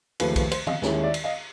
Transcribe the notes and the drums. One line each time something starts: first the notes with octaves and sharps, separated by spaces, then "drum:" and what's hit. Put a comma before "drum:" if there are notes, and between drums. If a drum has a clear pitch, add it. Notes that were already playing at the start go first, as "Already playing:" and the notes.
D#2 C#3 F3 A3 B4, drum: cymbal
B4, drum: kick B1, cymbal
C5, drum: cymbal
D#5 F5, drum: tom D#3
D#2 D#3 G#3 C#4 E4, drum: snare
D5 E5
drum: cymbal
D#5 F5